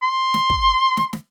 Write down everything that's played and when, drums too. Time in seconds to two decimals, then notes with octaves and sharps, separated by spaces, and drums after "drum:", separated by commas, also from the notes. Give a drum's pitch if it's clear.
0.02 C6
0.34 drum: snare
0.50 drum: kick
0.97 drum: snare
1.13 drum: snare